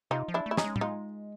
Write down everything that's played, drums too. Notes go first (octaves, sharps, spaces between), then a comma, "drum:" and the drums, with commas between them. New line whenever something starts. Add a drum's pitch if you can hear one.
C3 D#4 F4
F3
D4 E4
A3
E4
C#4 D#4, drum: snare
G#3
G3, drum: tom A2
G#3 D#4 F4